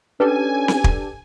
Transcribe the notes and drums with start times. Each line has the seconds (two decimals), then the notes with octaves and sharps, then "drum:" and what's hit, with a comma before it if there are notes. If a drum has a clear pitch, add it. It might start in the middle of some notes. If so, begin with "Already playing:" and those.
0.20 C#4 D4 G4 A4 B4 G#5
0.68 drum: snare C4
0.84 drum: kick